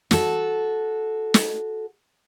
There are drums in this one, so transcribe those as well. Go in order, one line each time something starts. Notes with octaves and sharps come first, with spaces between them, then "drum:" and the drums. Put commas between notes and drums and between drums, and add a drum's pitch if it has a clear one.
F#4 A4, drum: snare
drum: snare